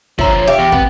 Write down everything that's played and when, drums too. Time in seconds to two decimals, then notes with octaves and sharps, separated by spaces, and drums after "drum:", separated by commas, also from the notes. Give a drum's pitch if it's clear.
0.19 D3 F3 C#5 E5 A#5 C6, drum: kick
0.33 C5
0.47 G4 E5 F5 C#6
0.59 E2
0.72 B3 C4 F#5, drum: kick